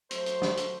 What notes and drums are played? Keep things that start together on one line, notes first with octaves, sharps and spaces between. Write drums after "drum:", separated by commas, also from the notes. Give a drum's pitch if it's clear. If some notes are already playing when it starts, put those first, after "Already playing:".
F#3 A3 C5, drum: hi-hat
drum: hi-hat
drum: snare
drum: hi-hat